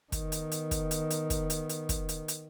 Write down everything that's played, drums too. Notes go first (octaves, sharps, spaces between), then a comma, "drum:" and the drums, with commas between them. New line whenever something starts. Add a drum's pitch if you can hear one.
D#3 B3, drum: kick, hi-hat
drum: hi-hat
drum: hi-hat
drum: kick, hi-hat
drum: hi-hat
drum: hi-hat
drum: kick, hi-hat
drum: hi-hat
drum: hi-hat
drum: kick, hi-hat
drum: hi-hat
drum: hi-hat